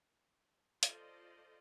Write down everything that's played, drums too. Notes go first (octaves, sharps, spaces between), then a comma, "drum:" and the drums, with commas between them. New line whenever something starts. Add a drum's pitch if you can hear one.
F4 A4 C5 D5 D#5, drum: hi-hat